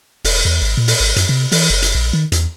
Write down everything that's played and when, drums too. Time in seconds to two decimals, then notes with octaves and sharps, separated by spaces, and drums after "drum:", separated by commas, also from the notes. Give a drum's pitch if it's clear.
0.24 E1, drum: open hi-hat
0.45 E2
0.62 G#1
0.77 A#2
0.88 drum: open hi-hat
1.00 G#1
1.16 F#2, drum: hi-hat
1.29 C3
1.52 E3, drum: open hi-hat
1.70 F#1
1.82 drum: hi-hat
1.95 A#1
2.13 D#3
2.32 E2, drum: hi-hat